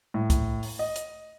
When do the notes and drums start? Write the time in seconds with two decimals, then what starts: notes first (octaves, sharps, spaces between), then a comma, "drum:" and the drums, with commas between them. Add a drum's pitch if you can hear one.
0.14 A2
0.30 drum: kick, hi-hat
0.63 drum: open hi-hat
0.79 D#5
0.96 drum: hi-hat